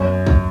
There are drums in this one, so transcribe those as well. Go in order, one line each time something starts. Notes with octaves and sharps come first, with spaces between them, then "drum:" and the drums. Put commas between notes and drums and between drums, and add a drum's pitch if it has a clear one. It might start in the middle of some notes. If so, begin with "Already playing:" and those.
Already playing: F#2 C#5
drum: kick